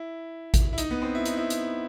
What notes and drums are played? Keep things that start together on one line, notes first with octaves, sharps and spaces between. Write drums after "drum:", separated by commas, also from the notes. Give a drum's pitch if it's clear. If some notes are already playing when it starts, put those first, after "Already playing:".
Already playing: E4
drum: kick A1, hi-hat
E4
D#4, drum: hi-hat
B3
C4
E4
D#4, drum: hi-hat
E4
drum: hi-hat